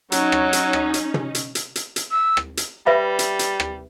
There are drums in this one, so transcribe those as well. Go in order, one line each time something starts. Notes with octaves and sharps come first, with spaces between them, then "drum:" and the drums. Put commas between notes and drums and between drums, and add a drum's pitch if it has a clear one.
F#3 C#4 D#4, drum: hi-hat
drum: rim click
drum: hi-hat
drum: rim click
drum: hi-hat
drum: tom
drum: hi-hat
drum: hi-hat
drum: hi-hat
drum: hi-hat
E6
drum: rim click
drum: hi-hat
G3 B4 E5 B5
drum: hi-hat
drum: hi-hat
drum: rim click